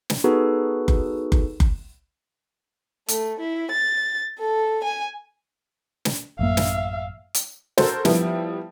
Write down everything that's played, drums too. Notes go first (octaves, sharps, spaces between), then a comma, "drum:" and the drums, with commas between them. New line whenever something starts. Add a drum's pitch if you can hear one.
drum: snare
B3 D#4 F#4 G#4 A4 B4
drum: kick F#1
drum: kick F#1
drum: kick F#1
A3, drum: hi-hat
E4
A6
A4
G#5
drum: snare
A1 F#2 A#3 E5 F5
drum: snare
drum: hi-hat
F#4 A4 A#4 C5, drum: snare
F3 G3 B3 E4, drum: snare